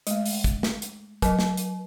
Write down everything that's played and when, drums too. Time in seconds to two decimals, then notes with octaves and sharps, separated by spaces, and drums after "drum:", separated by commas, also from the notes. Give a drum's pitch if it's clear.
0.07 G#3 A3, drum: hi-hat
0.26 drum: open hi-hat
0.44 drum: kick, hi-hat
0.63 drum: snare
0.82 drum: hi-hat
1.22 F#3 A#4 D#5, drum: kick, hi-hat
1.39 drum: snare
1.57 drum: hi-hat